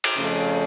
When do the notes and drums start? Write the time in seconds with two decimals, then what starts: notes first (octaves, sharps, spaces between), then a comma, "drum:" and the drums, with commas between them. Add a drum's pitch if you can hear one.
0.04 drum: cymbal
0.18 F2 C#3 F3 A3 C#4